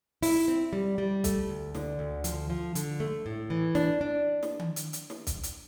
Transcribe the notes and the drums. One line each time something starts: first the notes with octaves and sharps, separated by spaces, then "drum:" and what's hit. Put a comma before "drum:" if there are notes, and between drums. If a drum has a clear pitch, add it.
E4, drum: open hi-hat
C4
G3
G3
A3, drum: kick, hi-hat
D2
D3, drum: snare
D2
F3, drum: hi-hat
F3
D3, drum: hi-hat
A3
A2
E3
D4, drum: snare
D4
drum: snare
drum: tom D#3
drum: hi-hat
drum: hi-hat
drum: snare
drum: kick, hi-hat
drum: hi-hat